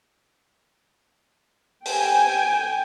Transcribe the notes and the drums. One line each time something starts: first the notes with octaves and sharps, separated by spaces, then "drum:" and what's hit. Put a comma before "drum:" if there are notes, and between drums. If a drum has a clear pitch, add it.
G5 G#5, drum: open hi-hat